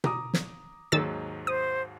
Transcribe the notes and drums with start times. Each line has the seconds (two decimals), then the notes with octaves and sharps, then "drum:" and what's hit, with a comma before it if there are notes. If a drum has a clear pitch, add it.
0.04 A#5 D6 D#6, drum: tom B2
0.34 drum: snare
0.92 D#2 G#2 D#3 F#3 E6 A6
1.47 C5 D#6